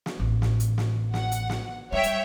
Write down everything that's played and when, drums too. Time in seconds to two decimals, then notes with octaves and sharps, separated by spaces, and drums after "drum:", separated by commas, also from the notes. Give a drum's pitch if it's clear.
0.06 drum: snare
0.20 A1
0.42 drum: snare
0.60 drum: hi-hat
0.78 drum: snare
1.14 F#5, drum: snare
1.32 drum: hi-hat
1.50 drum: snare
1.92 G3 C#5 E5 G5
2.03 drum: hi-hat